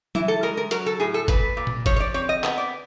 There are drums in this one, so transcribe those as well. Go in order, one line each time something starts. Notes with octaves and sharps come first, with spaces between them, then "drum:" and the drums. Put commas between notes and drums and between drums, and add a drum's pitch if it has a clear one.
E3 E4, drum: tom
A4
G#3 A#4
A#4
F#3 A#4, drum: hi-hat
A4
A2 G#4
A4
A#2 B4, drum: kick, hi-hat
A#2
drum: tom A#2
F3 C#5, drum: kick, hi-hat
C#5
D5
C4 C#5
D#5
B3 D#5, drum: clap
D5